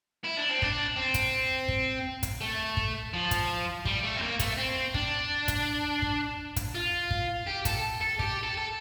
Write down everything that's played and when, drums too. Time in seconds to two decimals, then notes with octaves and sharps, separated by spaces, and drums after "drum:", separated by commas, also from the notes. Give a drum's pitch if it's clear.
0.24 E4
0.37 D4
0.49 C4
0.62 D4, drum: kick
0.96 C4
1.14 drum: kick, hi-hat
1.68 drum: kick
2.23 drum: kick, hi-hat
2.41 A3
2.77 drum: kick
3.13 F3
3.31 drum: kick, hi-hat
3.85 G3, drum: kick
4.03 A3
4.17 C4
4.22 A#3
4.40 A3, drum: kick, hi-hat
4.57 C4
4.94 D4, drum: kick
5.48 drum: kick, hi-hat
6.02 drum: kick
6.56 drum: kick, hi-hat
6.74 F4
7.11 drum: kick
7.47 G4
7.65 A4, drum: kick, hi-hat
8.01 A4
8.19 G4, drum: kick
8.43 A4
8.58 A4